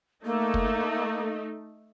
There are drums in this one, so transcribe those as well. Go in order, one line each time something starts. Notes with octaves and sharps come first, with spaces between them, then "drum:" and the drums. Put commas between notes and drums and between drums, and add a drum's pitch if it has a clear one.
A3 A#3 D#4
drum: kick